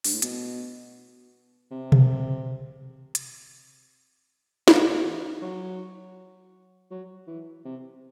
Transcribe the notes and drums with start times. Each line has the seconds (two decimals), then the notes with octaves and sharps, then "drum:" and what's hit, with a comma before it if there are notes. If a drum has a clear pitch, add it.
0.04 G2, drum: open hi-hat
0.14 A2
0.22 B2, drum: hi-hat
1.71 C3
1.92 drum: tom B2
3.15 drum: hi-hat
4.68 D3, drum: snare
4.75 C3
4.81 D3
5.05 E3
5.42 F#3
6.91 F#3
7.27 E3
7.65 C3